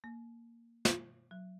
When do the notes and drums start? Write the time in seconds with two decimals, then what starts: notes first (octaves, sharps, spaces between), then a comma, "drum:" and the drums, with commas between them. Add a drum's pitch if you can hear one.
0.04 A#3
0.85 drum: snare
1.31 F#3